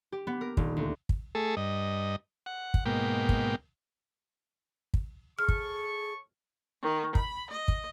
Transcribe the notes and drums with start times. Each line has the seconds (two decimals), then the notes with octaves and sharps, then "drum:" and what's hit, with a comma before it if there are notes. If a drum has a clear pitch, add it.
0.12 G4
0.27 B3
0.41 A#4
0.57 D#1, drum: kick
0.77 D2
1.09 drum: kick
1.35 A3 G#4 A4
1.57 G2 D#5
2.46 F#5
2.74 drum: kick
2.86 G#2 B2 A#3 G5
3.29 drum: kick
4.94 drum: kick
5.39 G#4 A4 C#5 C#6 F6
5.48 drum: kick
6.82 D#3
7.15 B5, drum: kick
7.51 D#5
7.68 drum: kick